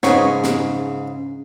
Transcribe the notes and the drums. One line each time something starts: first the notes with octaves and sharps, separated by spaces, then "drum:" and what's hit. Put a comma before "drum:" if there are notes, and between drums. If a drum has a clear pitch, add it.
G#2 C#3 D#4 B4 C#5, drum: snare
drum: snare